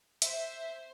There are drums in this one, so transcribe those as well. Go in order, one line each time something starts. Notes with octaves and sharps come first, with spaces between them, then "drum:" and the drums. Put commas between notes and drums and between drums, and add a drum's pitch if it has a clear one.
C5 E5, drum: hi-hat